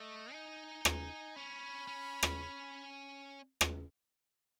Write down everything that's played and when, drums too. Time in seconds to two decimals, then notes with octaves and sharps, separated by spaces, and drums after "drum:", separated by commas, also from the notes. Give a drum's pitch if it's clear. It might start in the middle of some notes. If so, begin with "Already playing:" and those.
Already playing: A3 D#5
0.32 D#4 G#5
0.85 G#5, drum: rim click
1.36 C#4 B5
1.88 C#4
2.23 drum: rim click
3.61 drum: rim click